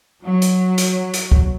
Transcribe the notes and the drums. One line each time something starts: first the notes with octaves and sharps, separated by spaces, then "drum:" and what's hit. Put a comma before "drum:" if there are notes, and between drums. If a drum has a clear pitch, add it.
F#3
drum: hi-hat
drum: hi-hat
drum: hi-hat
drum: kick C#2